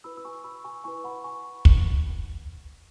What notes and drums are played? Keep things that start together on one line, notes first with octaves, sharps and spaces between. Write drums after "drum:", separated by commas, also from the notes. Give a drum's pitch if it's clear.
E4 B4 B5 E6
E6
G#5 C#6
B5 E6
G#5 C#6
E4 B4 G#5 C#6
F#5 B5
G#5 C#6
drum: kick